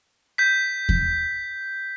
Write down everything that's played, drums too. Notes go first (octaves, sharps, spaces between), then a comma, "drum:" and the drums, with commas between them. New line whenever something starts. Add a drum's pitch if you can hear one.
G6 B6
drum: kick E2